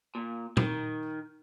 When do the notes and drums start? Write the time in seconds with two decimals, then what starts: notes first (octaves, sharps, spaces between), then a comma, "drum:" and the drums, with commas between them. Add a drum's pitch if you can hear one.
0.15 A#2
0.57 D#3, drum: tom A#2